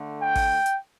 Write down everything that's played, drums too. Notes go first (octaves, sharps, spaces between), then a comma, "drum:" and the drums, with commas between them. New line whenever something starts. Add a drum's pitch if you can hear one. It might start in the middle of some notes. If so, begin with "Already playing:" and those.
Already playing: D3 A3
G5
drum: kick, open hi-hat
drum: hi-hat